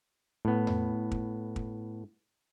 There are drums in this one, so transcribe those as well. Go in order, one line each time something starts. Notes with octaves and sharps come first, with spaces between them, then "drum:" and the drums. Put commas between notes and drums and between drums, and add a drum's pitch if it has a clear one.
A2 B3
drum: tom E2
drum: kick
drum: kick